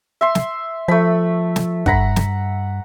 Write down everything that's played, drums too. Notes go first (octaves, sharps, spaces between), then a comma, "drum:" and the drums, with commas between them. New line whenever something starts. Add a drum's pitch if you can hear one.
E5 C6
drum: snare
F3 A3 B5
drum: snare
G2 F#5 A#5 B5, drum: kick
drum: snare